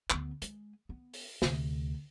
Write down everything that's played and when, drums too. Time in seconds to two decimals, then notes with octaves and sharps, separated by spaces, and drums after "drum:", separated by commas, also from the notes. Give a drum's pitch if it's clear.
0.10 D2 B3, drum: clap
0.42 G#3, drum: hi-hat
0.89 B3
1.13 drum: open hi-hat
1.42 D2 C3, drum: snare